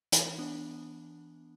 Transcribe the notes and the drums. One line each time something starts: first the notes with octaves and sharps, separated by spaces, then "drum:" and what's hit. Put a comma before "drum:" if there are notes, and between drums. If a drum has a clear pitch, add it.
E3, drum: hi-hat
B3 D4